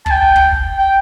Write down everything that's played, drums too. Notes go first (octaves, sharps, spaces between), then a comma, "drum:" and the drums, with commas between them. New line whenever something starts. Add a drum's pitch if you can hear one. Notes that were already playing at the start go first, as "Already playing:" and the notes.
A5, drum: kick
G5
drum: kick
G5